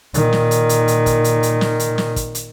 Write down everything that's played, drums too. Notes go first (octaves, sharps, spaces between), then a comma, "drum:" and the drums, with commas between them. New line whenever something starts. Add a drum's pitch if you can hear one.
A#2 D#3, drum: hi-hat
drum: snare
drum: hi-hat
drum: hi-hat
drum: hi-hat
drum: kick, hi-hat
drum: hi-hat
drum: hi-hat
drum: snare
drum: hi-hat
drum: snare
drum: kick, hi-hat
drum: hi-hat